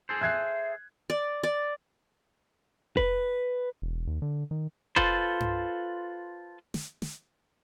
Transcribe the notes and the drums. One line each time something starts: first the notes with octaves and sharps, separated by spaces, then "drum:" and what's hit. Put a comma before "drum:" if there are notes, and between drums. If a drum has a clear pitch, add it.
G#4 A4 C5
E5 F#6 G#6 C7
D5
D5
B4, drum: kick F1
E1
D#2
D3
D#3
F4 A4 B4 C5, drum: kick F1
drum: tom G2
drum: snare
drum: snare